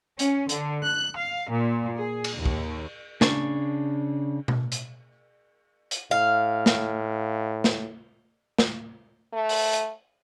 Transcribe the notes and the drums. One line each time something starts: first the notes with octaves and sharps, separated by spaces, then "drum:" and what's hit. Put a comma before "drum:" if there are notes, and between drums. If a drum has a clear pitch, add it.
C#4, drum: hi-hat
D3, drum: hi-hat
F#6
F5
A#2
G#4
drum: cymbal
D#2
drum: kick
C#3 D4 C#6, drum: snare
drum: tom B2
drum: hi-hat
drum: hi-hat
A2 F5
drum: snare
drum: snare
drum: snare
A3
drum: open hi-hat
drum: hi-hat